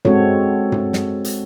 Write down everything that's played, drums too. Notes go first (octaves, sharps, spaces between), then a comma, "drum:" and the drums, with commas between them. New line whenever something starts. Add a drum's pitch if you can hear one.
G#3 C4 F#4 A4 C#5, drum: tom G2
drum: tom G2
drum: snare
drum: hi-hat